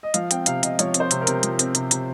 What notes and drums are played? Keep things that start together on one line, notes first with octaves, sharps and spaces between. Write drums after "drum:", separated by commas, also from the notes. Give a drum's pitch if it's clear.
D#5
F3 F5, drum: hi-hat
C4 G5, drum: hi-hat
C3 F5, drum: hi-hat
C3 D#5, drum: hi-hat
F3 C#5, drum: hi-hat
C4, drum: hi-hat
C5
C3, drum: hi-hat
A#4
C3, drum: hi-hat
F3, drum: hi-hat
C4, drum: hi-hat
C3, drum: hi-hat
C3, drum: hi-hat